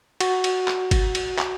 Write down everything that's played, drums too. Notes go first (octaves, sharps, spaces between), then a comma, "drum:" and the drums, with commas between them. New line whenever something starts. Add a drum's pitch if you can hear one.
F#4, drum: cymbal
drum: cymbal
drum: clap
drum: kick G1, cymbal
drum: cymbal
drum: clap